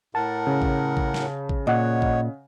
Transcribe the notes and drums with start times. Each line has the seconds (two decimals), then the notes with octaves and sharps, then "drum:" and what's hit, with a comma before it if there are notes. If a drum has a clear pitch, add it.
0.15 A2 A#4 F#5 A5
0.47 C#3
0.62 drum: kick
0.97 drum: kick
1.14 drum: snare
1.49 drum: kick
1.67 A#2 C#5 D#5 F#5
2.02 drum: kick